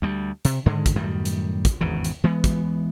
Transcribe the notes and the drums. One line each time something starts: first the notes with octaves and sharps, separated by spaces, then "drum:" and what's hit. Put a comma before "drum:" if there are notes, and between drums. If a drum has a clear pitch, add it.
D2 G3
C3, drum: hi-hat
G#2 D3 D#3 G#3
drum: kick, hi-hat
F#2 A2 D#3 G3
drum: hi-hat
drum: kick, hi-hat
G#1 E2 C#3
drum: hi-hat
E3 G#3 B3
drum: kick, hi-hat